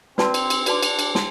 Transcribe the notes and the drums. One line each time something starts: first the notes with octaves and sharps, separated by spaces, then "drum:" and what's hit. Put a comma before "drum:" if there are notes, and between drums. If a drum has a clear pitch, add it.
C4 F#4 B4 D5 A5 C6, drum: snare
drum: cymbal
drum: cymbal
D4 F#4 B4 D5 A5 C6, drum: cymbal
drum: cymbal
drum: cymbal
A5 C6, drum: snare